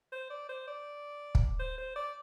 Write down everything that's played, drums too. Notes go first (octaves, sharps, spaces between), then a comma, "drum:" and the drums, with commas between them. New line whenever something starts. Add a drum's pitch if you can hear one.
C5
D5
C5
D5
drum: kick
C5
C5
D5